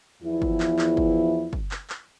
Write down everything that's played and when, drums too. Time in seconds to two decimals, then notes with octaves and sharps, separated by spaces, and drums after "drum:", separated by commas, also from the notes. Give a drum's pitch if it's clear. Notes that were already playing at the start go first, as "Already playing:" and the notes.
0.23 E2 F3 E4
0.42 drum: kick
0.60 drum: clap
0.79 drum: clap
0.97 drum: kick
1.53 drum: kick
1.71 drum: clap
1.90 drum: clap